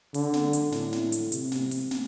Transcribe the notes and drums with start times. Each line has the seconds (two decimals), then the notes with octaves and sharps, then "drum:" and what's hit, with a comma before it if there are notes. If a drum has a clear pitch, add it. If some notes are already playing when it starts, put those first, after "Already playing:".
0.14 D3, drum: open hi-hat
0.33 drum: snare
0.53 drum: hi-hat
0.72 A2, drum: snare
0.93 drum: snare
1.12 drum: hi-hat
1.32 C3, drum: hi-hat
1.52 drum: snare
1.71 drum: open hi-hat
1.91 drum: snare